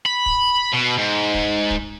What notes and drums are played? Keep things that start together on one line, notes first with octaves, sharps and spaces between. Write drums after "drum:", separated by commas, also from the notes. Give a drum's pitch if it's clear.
B5
drum: kick
B2
G#2
drum: kick
drum: kick